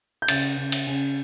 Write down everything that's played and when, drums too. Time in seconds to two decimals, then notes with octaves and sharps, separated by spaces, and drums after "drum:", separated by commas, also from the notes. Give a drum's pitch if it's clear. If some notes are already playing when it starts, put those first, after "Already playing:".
0.22 G6
0.28 C#3 A6, drum: cymbal
0.57 C#3
0.72 drum: cymbal
0.87 C#3